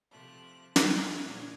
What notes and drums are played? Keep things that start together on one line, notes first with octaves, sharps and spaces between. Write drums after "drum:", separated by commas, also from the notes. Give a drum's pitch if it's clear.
C3 F3 A3 F#6
F5 A5 D6, drum: snare
D2 A#2 G#4 C#5 G#6 A6